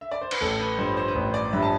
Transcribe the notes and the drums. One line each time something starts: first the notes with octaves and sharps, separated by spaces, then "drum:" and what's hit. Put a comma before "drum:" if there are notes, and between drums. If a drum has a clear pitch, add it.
E5
D5
C5
B4, drum: cymbal
A1 A4
B4
G2 F3 C5
C5
B4
A1 C5
D5
G2 F3 E5
A5